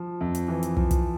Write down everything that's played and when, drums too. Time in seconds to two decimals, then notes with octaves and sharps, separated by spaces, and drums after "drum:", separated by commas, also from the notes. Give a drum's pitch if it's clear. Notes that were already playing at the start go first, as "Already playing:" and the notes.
Already playing: F3
0.21 F2
0.35 drum: hi-hat
0.48 E3
0.63 drum: hi-hat
0.77 F3, drum: kick
0.91 drum: kick, hi-hat